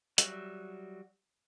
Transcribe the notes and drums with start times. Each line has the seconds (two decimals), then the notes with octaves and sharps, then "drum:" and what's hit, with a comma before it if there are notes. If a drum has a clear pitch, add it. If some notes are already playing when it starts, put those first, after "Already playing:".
0.18 F#3 G3 F#4 E5, drum: hi-hat